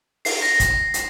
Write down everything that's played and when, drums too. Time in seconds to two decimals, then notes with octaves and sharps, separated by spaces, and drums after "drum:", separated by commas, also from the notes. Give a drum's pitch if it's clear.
0.25 C7, drum: open hi-hat
0.42 A#6
0.60 drum: kick, hi-hat
0.94 drum: hi-hat